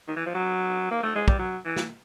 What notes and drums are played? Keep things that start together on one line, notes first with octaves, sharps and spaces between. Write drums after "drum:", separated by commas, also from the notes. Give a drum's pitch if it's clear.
D#3
E3
F3
F#3
A#3
A3
G#3
G3, drum: kick
F#3
E3
drum: snare